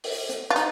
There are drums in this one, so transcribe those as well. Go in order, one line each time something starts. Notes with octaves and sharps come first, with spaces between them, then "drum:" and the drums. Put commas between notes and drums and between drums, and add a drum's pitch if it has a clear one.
drum: open hi-hat
drum: hi-hat
F4
D#4, drum: hi-hat